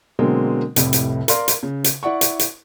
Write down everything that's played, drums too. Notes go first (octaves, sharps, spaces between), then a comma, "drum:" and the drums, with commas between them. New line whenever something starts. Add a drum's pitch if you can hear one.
B2 D3 F#3 G#3 A#3 C4
F1 C2 A2, drum: hi-hat
drum: hi-hat
A#4 D5 F5 C6, drum: hi-hat
drum: hi-hat
C#3
drum: hi-hat
E4 D5 F#5 C#6
drum: hi-hat
drum: hi-hat